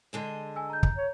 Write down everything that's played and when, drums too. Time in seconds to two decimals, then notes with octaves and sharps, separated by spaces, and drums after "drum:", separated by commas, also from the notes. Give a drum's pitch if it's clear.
0.13 D3 G#3 D#5
0.56 G#5 E6
0.70 A#5 G6
0.83 drum: kick
0.97 C#5